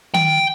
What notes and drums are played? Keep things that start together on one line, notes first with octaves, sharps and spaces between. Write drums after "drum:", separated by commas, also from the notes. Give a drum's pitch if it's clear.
G5, drum: tom D#3